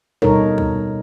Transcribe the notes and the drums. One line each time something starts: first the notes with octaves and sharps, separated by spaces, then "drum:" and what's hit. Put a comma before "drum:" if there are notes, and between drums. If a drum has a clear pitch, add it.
B2 G3 D#4 A4 A#4 C#5, drum: kick
drum: kick